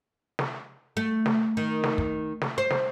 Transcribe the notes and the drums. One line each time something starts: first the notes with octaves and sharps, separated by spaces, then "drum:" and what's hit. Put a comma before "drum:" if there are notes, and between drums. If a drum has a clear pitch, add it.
drum: snare
A3
drum: snare
D#3
drum: snare
drum: kick
drum: snare
C5
drum: snare